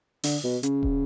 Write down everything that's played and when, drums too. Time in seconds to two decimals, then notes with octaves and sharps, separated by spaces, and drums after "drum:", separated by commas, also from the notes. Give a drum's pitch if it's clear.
0.23 D3, drum: open hi-hat
0.44 B2
0.63 C#3, drum: hi-hat
0.83 drum: kick D#1